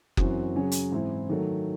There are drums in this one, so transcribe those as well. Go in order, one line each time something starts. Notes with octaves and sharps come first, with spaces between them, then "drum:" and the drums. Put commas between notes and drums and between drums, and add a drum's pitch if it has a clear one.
F#2 E3 C4 F#4, drum: kick F#1
C#3 F#3 C#4 G#4
drum: hi-hat
G#2 E3 C4 E4
D#3 F#3 A3